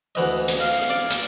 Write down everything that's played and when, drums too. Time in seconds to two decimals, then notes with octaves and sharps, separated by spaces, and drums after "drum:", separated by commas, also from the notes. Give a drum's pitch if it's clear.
0.15 D2 E3 D#5
0.48 drum: hi-hat
0.60 F5
0.90 D5
1.10 drum: hi-hat